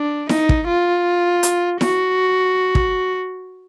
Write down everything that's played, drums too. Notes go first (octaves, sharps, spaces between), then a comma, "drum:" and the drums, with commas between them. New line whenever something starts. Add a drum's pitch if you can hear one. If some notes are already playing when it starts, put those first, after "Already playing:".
Already playing: D4
D#4, drum: snare E4
drum: kick
F4
drum: hi-hat
F#4, drum: snare E4
drum: kick